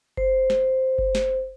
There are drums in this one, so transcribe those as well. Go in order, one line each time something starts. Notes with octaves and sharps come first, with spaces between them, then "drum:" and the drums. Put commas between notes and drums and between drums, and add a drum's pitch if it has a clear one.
C5, drum: kick F#1
drum: snare
drum: kick F#1
drum: snare